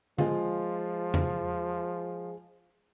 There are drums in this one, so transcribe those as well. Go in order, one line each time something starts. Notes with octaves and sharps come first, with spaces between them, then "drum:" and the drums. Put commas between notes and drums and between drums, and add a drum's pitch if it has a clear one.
F3 G#3 F4, drum: tom D3
drum: tom